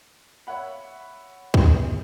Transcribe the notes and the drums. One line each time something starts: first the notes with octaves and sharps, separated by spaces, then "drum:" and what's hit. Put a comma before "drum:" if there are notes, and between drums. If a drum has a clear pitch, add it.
C#5 E5 F#5 B5
drum: kick